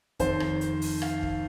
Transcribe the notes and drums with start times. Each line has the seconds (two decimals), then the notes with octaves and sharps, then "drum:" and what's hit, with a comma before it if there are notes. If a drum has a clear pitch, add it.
0.20 F2 D#3 C5, drum: kick, hi-hat
0.40 drum: rim click
0.61 drum: hi-hat
0.82 drum: open hi-hat
1.02 F5, drum: rim click
1.23 drum: kick